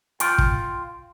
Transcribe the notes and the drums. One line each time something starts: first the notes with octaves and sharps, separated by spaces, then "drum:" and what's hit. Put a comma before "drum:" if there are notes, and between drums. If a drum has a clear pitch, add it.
F4 G5, drum: hi-hat
drum: kick